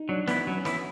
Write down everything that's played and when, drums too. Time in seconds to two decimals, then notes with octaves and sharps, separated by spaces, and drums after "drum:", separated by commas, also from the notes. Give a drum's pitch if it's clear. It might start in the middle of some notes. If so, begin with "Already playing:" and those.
Already playing: D#4
0.09 F#3 D4
0.27 B3 E4, drum: snare
0.47 F#3 C#4
0.65 B3 E4, drum: snare